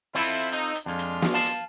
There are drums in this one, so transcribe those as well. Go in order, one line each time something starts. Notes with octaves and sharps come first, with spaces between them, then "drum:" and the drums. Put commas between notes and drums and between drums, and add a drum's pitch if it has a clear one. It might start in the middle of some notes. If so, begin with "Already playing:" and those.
C4 E4 F4 A4
D#4, drum: hi-hat
drum: hi-hat
F2 G#3 D4 F4
drum: hi-hat
drum: snare
F5 A5
drum: hi-hat